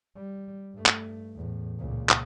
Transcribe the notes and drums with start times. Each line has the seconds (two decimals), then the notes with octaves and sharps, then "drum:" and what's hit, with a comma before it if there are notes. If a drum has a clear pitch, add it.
0.15 G3
0.73 G2 A3
0.86 drum: clap
1.36 E2 A2
1.78 C#2 A#2
2.09 drum: clap